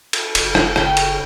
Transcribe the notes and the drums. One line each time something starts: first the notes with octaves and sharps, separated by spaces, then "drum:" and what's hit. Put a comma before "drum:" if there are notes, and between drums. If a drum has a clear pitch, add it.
drum: cymbal
F#1, drum: cymbal
drum: rim click
C#3 G5, drum: rim click
drum: cymbal